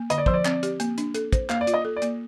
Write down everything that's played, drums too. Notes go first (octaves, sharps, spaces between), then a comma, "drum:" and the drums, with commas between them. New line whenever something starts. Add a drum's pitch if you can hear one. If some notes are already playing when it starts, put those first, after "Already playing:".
Already playing: A#3
D3 D#5, drum: hi-hat
D5
F3 C5, drum: kick
D5
C4, drum: clap
G4, drum: hi-hat
A#3, drum: hi-hat
D4, drum: hi-hat
A4, drum: hi-hat
C5, drum: kick, hi-hat
A#3 F5, drum: clap
D5
F4, drum: hi-hat
D#5
A4
D5
A#3, drum: hi-hat